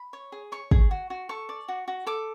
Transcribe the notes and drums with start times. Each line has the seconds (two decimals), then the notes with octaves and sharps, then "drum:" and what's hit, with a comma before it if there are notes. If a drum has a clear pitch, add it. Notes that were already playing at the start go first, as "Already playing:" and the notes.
Already playing: B5
0.13 C#5
0.32 G#4
0.52 C#5 C#6
0.71 G#4, drum: kick
0.91 F#4
1.10 F#4
1.29 A4 C#6
1.49 D5
1.68 F#4
1.88 F#4
2.06 A4 D6